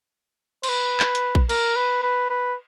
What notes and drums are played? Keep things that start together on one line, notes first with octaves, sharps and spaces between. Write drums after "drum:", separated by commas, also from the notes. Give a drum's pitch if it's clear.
C5, drum: cymbal
B4
drum: clap
drum: hi-hat
drum: kick A#1
A#4, drum: cymbal
B4
B4
B4